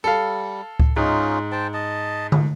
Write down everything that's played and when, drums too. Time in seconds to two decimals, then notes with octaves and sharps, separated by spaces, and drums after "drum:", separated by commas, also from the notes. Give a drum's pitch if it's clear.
0.04 G3 A4 F5
0.80 drum: kick C#2
0.96 G#2 C#4 D#4 F4
1.52 C5 G5 A5
1.73 D#5 A5
2.32 drum: tom D3